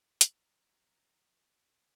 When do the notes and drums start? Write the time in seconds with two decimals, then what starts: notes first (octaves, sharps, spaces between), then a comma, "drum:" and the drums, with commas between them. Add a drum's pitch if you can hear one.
0.21 F3 F#3 A#5, drum: hi-hat